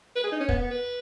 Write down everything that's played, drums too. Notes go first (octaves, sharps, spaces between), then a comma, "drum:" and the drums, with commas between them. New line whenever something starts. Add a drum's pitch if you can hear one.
B4
G#4
D#4
C#4
B3, drum: kick
B3
B4